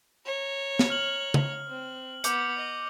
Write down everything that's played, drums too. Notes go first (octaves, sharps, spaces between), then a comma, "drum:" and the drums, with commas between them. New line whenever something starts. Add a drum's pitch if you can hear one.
C#5 A#5
drum: snare
F6 F#7
drum: tom
C4
B3 D6 G6 C#7, drum: hi-hat
D#5